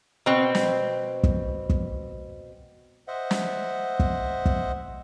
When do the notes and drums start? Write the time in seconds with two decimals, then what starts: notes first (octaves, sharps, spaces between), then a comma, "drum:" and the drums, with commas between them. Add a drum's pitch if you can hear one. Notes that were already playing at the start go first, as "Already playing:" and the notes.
0.26 B2 C4
0.55 drum: snare
1.24 drum: kick
1.70 drum: kick
3.08 C5 D#5 E5 F#5
3.31 drum: snare
4.00 drum: kick
4.46 drum: kick